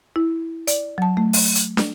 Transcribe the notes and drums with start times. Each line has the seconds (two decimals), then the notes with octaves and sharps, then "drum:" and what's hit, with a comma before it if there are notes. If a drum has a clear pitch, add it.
0.16 E4
0.67 D5, drum: hi-hat
0.98 F#3 A5
1.17 A3
1.33 drum: open hi-hat
1.55 drum: hi-hat
1.77 drum: snare